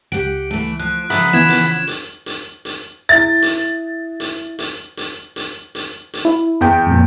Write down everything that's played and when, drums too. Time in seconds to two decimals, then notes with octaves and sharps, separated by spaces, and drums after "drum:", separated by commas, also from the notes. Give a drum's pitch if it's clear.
0.12 C#2 G4 F#5 D7
0.51 E3 A3
0.80 F3 F#6
1.10 C#3 F3 E5 F#5 A#5 B5 D#6, drum: hi-hat
1.33 E3 B3 G#6 E7
1.49 drum: hi-hat
1.87 drum: hi-hat
2.26 drum: hi-hat
2.65 drum: hi-hat
3.09 E4 E5 A6
3.42 drum: hi-hat
4.20 drum: hi-hat
4.59 drum: hi-hat
4.97 drum: hi-hat
5.36 drum: hi-hat
5.75 drum: hi-hat
6.13 drum: hi-hat
6.25 E4
6.61 E2 G5
6.87 F2 A#2